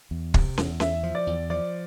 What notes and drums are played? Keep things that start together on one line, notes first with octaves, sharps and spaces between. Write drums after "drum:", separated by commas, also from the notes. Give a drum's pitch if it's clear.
E2
C3, drum: kick
E2, drum: snare
E2 E5, drum: snare
F3
D5
E2
F3 D5